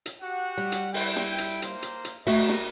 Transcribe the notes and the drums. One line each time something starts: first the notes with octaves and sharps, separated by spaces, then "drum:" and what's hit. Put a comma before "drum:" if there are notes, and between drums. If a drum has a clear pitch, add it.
drum: hi-hat
F#4 G4 F#5
G3
drum: hi-hat
E4 G5, drum: open hi-hat
drum: snare
drum: hi-hat
A#3 C5, drum: hi-hat
drum: hi-hat
drum: hi-hat
G3 A3 F#4 A#4 D#5 E5, drum: open hi-hat
drum: snare